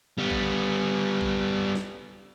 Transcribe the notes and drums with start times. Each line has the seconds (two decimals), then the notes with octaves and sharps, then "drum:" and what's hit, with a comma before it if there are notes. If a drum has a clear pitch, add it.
0.18 G3 B3
0.30 drum: kick A#1
1.21 drum: kick A#1
1.75 drum: snare